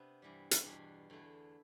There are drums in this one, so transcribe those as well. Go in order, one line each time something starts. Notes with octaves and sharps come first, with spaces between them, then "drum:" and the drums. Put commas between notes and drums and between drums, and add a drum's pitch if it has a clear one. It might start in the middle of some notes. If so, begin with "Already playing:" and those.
Already playing: C3 B3 D4
G2 E3 G3
drum: hi-hat
E2 B2 G3 D4
E2 D3 A3 E4